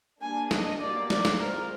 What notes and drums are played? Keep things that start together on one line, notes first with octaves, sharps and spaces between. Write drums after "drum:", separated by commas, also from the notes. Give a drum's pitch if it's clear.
G3 A#3 D4 G#5
D#5, drum: snare
B2 G3 A#3 D5
D5, drum: snare
drum: snare
D#3 G#3 C4 F4 A#4